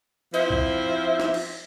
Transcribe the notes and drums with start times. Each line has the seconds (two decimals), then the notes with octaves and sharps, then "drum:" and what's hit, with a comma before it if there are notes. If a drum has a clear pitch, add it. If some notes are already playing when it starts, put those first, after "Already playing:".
0.34 F3 C4 E4 C5 E5, drum: hi-hat
0.50 drum: kick C2
1.20 drum: snare
1.34 drum: cymbal